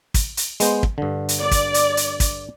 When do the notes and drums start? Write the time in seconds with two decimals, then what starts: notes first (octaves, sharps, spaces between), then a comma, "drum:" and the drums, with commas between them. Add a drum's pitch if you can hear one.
0.14 drum: kick, hi-hat
0.37 drum: hi-hat
0.60 G#3 B3 C5, drum: hi-hat
0.83 drum: kick
0.98 G2 D3
1.29 drum: hi-hat
1.40 D5
1.51 drum: kick, hi-hat
1.74 drum: hi-hat
1.97 drum: hi-hat
2.20 drum: kick, hi-hat